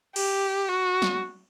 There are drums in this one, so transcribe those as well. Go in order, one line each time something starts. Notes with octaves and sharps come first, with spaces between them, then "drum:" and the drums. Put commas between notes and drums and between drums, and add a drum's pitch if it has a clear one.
G4, drum: cymbal
F#4
drum: snare